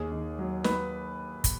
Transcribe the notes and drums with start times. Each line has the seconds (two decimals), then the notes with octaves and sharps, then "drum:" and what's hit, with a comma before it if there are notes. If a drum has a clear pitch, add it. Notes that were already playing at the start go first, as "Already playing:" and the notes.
Already playing: D#2 G#4
0.12 D#3
0.39 F#3
0.64 B4, drum: snare
1.44 drum: kick, hi-hat